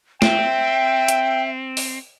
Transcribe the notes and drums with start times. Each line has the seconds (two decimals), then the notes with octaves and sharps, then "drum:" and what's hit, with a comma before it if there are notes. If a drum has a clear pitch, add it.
0.22 C4 E5 G5, drum: snare
1.08 drum: hi-hat
1.77 drum: open hi-hat